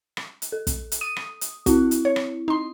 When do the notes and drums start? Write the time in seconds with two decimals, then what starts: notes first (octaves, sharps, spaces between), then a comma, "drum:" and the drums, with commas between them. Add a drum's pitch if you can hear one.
0.17 drum: rim click
0.42 drum: hi-hat
0.52 A4
0.67 drum: kick, hi-hat
0.92 drum: hi-hat
1.01 D#6 D#7
1.16 drum: rim click
1.41 drum: hi-hat
1.66 C4 E4 F#4, drum: kick, hi-hat
1.91 drum: hi-hat
2.05 C#5
2.16 drum: rim click
2.48 D#4 C6